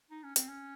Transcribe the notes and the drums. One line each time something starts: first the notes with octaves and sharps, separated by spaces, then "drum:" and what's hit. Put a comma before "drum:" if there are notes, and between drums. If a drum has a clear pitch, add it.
D#4
C#4
C4, drum: hi-hat
C#4